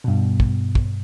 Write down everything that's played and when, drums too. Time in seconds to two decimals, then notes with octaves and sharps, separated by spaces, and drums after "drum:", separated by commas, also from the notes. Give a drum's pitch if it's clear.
0.04 G2 B2
0.40 drum: kick
0.75 drum: kick